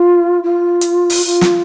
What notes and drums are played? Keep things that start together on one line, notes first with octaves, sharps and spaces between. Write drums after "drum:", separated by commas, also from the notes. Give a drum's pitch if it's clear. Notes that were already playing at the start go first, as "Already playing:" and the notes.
Already playing: F4
F4
drum: hi-hat
drum: open hi-hat
F4
drum: snare